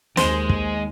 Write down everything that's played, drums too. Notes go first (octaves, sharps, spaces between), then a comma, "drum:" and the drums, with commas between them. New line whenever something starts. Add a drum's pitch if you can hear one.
D#2 G#3 C5, drum: snare
drum: kick